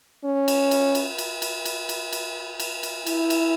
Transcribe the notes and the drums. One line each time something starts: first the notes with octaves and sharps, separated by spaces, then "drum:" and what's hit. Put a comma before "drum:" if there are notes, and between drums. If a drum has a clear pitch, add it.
C#4
drum: cymbal
drum: cymbal
drum: cymbal
drum: cymbal
drum: cymbal
drum: cymbal
drum: cymbal
drum: cymbal
drum: cymbal
drum: cymbal
E4, drum: cymbal
drum: cymbal